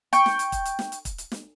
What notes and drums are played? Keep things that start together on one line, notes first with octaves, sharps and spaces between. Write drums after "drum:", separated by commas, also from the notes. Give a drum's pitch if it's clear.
G5 C#6, drum: hi-hat
drum: snare
drum: hi-hat
drum: kick, hi-hat
drum: hi-hat
drum: snare
drum: hi-hat
drum: kick, hi-hat
drum: hi-hat
drum: snare